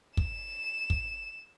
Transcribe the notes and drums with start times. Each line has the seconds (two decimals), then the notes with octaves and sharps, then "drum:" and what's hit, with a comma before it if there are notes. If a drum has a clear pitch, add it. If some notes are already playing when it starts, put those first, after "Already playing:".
0.17 E7, drum: kick
0.90 drum: kick